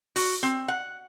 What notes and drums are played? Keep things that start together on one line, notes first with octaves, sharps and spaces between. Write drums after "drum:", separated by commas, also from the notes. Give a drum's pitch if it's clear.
F#4, drum: open hi-hat
C4
F#5